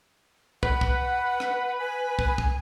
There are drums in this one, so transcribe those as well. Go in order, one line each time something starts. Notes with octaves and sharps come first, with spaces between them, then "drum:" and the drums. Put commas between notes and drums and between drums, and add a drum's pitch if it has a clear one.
B4 F#5, drum: kick
drum: kick
drum: rim click
G#5
drum: kick
drum: kick